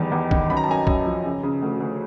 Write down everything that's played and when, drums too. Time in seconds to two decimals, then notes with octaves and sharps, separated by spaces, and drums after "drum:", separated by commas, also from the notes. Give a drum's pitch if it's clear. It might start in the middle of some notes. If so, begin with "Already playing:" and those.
Already playing: E2 D#3 G3
0.12 E2
0.31 D#3, drum: kick
0.50 F#2 B5
0.57 A#5
0.64 A5
0.68 F#2 G#5 A#5
0.87 F#2, drum: kick
1.06 F3
1.25 C#3
1.43 C#3
1.62 D2
1.80 D2